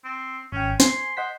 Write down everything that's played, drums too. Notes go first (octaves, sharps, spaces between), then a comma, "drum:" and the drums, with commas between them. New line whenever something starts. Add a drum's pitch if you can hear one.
C4
G#1 C#4 G5
C5 G#5 C6, drum: snare
C5 D#5 F#5 B6